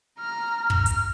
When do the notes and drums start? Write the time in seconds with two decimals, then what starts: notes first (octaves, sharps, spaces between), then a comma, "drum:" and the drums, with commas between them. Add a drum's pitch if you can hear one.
0.19 A#5 F6
0.70 F6, drum: kick
0.86 drum: hi-hat